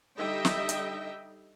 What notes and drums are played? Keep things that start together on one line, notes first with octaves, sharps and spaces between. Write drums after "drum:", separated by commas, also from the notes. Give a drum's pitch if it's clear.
D3 G3 D#4 D#5 E5 G5
drum: snare
drum: hi-hat